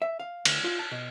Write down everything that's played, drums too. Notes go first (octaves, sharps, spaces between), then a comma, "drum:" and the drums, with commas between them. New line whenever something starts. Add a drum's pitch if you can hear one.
E5
F5
D2, drum: cymbal
F4
A5
B2